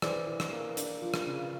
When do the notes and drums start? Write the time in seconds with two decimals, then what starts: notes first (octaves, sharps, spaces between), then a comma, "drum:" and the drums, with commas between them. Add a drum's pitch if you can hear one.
0.02 E3 C5 D5, drum: rim click
0.27 E3
0.40 drum: rim click
0.52 A#3
0.77 D4, drum: hi-hat
1.02 F3
1.14 drum: rim click
1.26 C#3